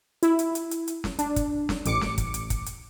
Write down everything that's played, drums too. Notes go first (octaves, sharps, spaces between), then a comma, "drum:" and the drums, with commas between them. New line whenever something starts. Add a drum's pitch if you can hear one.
E4, drum: hi-hat
drum: hi-hat
drum: hi-hat
drum: hi-hat
drum: hi-hat
drum: snare
D4, drum: hi-hat
drum: kick, hi-hat
drum: snare
A1 D6 C#7, drum: hi-hat
drum: snare
drum: kick, hi-hat
drum: hi-hat
drum: kick, hi-hat
drum: hi-hat